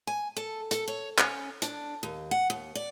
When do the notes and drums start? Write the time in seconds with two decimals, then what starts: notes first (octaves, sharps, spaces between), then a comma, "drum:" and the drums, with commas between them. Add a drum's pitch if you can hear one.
0.07 G#5
0.37 A4
0.71 A4, drum: hi-hat
0.88 C#5
1.18 C#4, drum: clap
1.62 D4, drum: hi-hat
2.03 D#2
2.31 F#5
2.50 D#2
2.75 D5